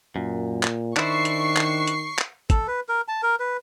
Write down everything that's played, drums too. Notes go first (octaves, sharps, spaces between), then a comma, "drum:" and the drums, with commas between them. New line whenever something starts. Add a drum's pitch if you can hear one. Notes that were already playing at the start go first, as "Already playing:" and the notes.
F#2 A#2
drum: clap
D#3 D4 E4 C5 C#6 C7, drum: clap
drum: hi-hat
drum: clap
drum: hi-hat
drum: clap
A4, drum: kick, hi-hat
B4
A#4
A5
A#4
B4